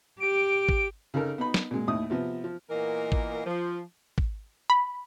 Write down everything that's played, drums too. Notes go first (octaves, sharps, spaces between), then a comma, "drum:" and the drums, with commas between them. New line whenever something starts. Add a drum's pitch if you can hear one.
G4 D7
drum: kick
C#3 D#4 A4 A#4
B3 D#4 B5
drum: snare
A#2 G#3
D#2 A2 E4 D#6
C3 F3 B3
F3
A#2 E3 A#3 B3 A#4 D#5
drum: kick
F3
drum: kick
B5